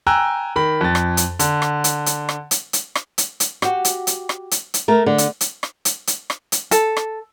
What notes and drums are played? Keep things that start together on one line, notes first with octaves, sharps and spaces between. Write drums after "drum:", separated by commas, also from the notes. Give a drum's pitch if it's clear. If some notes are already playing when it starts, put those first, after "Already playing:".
G5 G#5 A#5 E6 F#6
D#3 B5
F2 A6
drum: rim click
drum: hi-hat
D3, drum: hi-hat
drum: rim click
drum: hi-hat
drum: hi-hat
drum: rim click
drum: hi-hat
drum: hi-hat
drum: rim click
drum: hi-hat
drum: hi-hat
F#4 G4, drum: rim click
drum: hi-hat
drum: hi-hat
drum: rim click
drum: hi-hat
drum: hi-hat
A3 A#4
D3
drum: hi-hat
drum: hi-hat
drum: rim click
drum: hi-hat
drum: hi-hat
drum: rim click
drum: hi-hat
A4, drum: hi-hat
drum: rim click